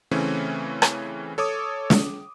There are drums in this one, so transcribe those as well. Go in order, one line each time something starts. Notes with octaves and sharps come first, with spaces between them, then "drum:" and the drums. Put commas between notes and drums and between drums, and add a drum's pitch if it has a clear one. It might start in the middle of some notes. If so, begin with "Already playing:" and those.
C#3 E3 A3 C4 C#4
drum: rim click
A4 C#5 D6 D#6
drum: snare